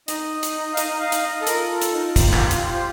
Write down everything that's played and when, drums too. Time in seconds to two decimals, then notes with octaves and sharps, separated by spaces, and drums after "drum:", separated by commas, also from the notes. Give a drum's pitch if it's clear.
0.08 D#4 D#5, drum: hi-hat
0.43 drum: hi-hat
0.73 F5
0.77 D#5, drum: hi-hat
1.00 F5
1.12 drum: hi-hat
1.23 D#5
1.41 A4
1.47 F4 A#4, drum: hi-hat
1.70 A4
1.81 drum: hi-hat
1.93 D#4
2.16 G4, drum: kick, hi-hat
2.33 drum: clap
2.51 drum: hi-hat
2.73 C5